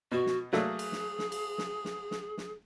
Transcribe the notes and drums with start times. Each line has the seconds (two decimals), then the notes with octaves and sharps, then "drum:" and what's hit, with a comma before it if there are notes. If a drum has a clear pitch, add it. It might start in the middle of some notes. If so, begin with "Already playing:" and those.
0.12 B2 F#4
0.26 drum: snare
0.53 F#3 A3 A#3 G#4, drum: snare
0.79 drum: cymbal
0.92 drum: snare
1.19 drum: snare
1.32 drum: cymbal
1.58 drum: snare
1.85 drum: snare
2.11 drum: snare
2.38 drum: snare